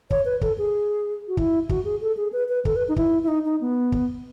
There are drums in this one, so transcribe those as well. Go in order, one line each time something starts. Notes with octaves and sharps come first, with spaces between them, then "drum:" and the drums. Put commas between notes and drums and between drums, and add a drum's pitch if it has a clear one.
C#5, drum: kick
B4
A4, drum: kick
G#4
F#4
E4, drum: kick
F#4, drum: kick
G#4
A4
G#4
B4
B4
A4, drum: kick
B4
D#4
E4, drum: kick
E4
D#4
D#4
B3
drum: kick